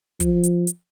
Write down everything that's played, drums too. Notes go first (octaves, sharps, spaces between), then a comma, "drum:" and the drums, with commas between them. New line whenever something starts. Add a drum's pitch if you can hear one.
F3, drum: kick, hi-hat
drum: hi-hat
drum: hi-hat